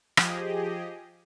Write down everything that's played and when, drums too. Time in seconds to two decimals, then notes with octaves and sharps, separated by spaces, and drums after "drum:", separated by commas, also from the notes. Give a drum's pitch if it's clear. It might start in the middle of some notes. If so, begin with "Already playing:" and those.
0.17 F3 G4 G#4 D#5, drum: rim click